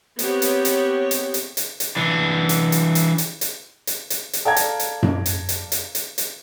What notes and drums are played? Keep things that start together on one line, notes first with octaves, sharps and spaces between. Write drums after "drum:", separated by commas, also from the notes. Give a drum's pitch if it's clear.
B3 C4 G4 C#5, drum: hi-hat
drum: hi-hat
drum: hi-hat
drum: hi-hat
drum: hi-hat
drum: hi-hat
drum: hi-hat
E3 D4
drum: hi-hat
drum: hi-hat
drum: hi-hat
drum: hi-hat
drum: hi-hat
drum: hi-hat
drum: hi-hat
drum: hi-hat
A4 D5 F5 A#5 G#6
drum: hi-hat
drum: hi-hat
drum: tom F#2
drum: hi-hat
drum: hi-hat
drum: hi-hat
drum: hi-hat
drum: hi-hat